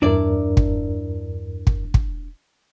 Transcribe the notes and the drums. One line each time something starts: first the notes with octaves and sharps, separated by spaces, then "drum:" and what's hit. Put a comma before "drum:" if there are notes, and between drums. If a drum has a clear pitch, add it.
E2 G2 D4 E4 A#4 D5
drum: kick
drum: kick
drum: kick